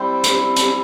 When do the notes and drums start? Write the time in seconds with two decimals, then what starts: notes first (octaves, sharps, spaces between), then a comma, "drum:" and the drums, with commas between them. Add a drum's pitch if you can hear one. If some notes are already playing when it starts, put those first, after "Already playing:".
Already playing: G3 C4 E4 C5
0.24 drum: hi-hat
0.56 drum: hi-hat